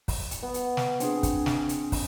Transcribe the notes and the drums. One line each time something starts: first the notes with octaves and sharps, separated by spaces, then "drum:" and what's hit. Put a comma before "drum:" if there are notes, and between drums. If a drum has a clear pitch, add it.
drum: kick, open hi-hat
drum: hi-hat
B3
drum: hi-hat
drum: snare
C4 D4 G#4, drum: hi-hat
drum: kick, hi-hat
drum: snare
drum: hi-hat
drum: kick, open hi-hat